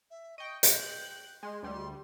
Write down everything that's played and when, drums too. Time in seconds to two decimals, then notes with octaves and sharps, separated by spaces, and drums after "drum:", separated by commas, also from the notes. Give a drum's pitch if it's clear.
0.11 E5
0.38 D#5 G5 C#6
0.63 G5 F#6 G6, drum: hi-hat
1.43 G#3 C6
1.63 D2 G3 C6